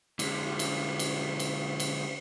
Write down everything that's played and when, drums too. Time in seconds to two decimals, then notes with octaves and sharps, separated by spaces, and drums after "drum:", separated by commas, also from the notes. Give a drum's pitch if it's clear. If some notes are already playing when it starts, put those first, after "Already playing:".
0.19 D3 G#3, drum: cymbal
0.59 drum: cymbal
0.99 drum: cymbal
1.40 drum: cymbal
1.80 drum: cymbal